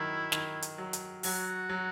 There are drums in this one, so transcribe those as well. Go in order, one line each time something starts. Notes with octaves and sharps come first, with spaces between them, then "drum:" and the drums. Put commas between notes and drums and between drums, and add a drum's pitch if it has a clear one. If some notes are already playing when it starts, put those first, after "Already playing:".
Already playing: D#3 F#3 E4
D#3, drum: snare
drum: hi-hat
F#3
drum: hi-hat
F#3 F#4, drum: open hi-hat
F#3